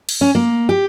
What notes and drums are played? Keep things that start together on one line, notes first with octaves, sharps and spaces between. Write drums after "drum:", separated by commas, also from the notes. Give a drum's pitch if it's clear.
drum: cymbal
C#4
A#3
G4